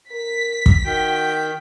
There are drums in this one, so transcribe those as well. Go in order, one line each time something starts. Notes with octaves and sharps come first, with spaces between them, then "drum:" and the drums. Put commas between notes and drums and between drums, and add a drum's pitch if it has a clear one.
A#4 B6
drum: kick
D#3 F#4 G5